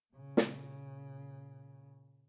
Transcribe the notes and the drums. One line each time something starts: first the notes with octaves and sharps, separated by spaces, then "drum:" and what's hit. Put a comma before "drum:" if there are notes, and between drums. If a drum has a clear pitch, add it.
A#2 C#3
drum: snare